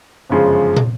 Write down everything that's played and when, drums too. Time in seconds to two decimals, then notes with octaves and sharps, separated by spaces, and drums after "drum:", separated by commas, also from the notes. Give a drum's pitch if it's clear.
0.30 G1 F#2 C#3 F3 G#3
0.76 drum: tom